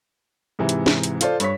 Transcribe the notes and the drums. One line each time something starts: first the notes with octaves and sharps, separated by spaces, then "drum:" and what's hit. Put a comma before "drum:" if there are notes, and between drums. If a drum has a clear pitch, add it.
G#2 C3 E3
drum: hi-hat
drum: snare
drum: hi-hat
F4 A4 C5 D5, drum: hi-hat
G2 C#5 B6, drum: hi-hat